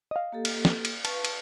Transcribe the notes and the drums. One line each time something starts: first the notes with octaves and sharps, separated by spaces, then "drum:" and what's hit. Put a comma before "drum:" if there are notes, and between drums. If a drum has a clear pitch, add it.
D#5 F5
A#3 G4 A4
drum: cymbal
drum: snare
drum: cymbal
B4 F5 A5 C#6, drum: cymbal
drum: cymbal